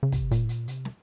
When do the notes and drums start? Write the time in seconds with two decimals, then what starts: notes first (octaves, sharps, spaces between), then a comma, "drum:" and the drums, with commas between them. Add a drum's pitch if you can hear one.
0.03 C#3
0.12 C3, drum: kick, hi-hat
0.31 A#2, drum: hi-hat
0.44 A2
0.49 A#2, drum: hi-hat
0.68 C3, drum: hi-hat
0.85 drum: snare